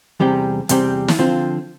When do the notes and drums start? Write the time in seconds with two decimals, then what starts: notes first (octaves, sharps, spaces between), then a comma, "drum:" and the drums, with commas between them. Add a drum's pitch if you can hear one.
0.20 E2 C3 G3 C4 G4
0.69 E2 C3 G3 C4 G4, drum: hi-hat
1.08 drum: snare
1.19 D3 F3 C4 F4